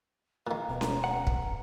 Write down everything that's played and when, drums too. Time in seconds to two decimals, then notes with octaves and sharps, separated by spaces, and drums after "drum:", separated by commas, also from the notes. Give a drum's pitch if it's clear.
0.47 A#2 D#3 F5
0.68 D1 B2 B3 A#5
0.81 drum: snare C#4
1.04 F#5
1.27 drum: kick